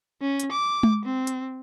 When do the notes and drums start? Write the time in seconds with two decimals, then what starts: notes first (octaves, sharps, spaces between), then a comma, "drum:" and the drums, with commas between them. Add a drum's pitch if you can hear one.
0.21 C#4
0.40 drum: hi-hat
0.52 D6
0.83 drum: tom G#3
1.05 C4
1.27 drum: hi-hat